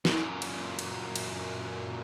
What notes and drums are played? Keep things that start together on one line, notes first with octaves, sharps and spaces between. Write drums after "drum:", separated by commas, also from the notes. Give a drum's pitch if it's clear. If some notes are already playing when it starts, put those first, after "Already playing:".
F#2 A#2, drum: snare E4
drum: cymbal
drum: cymbal
drum: cymbal